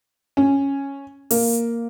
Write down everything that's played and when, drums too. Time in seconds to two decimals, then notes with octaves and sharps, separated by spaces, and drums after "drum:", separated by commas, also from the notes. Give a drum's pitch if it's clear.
0.37 C#4
1.31 A#3, drum: open hi-hat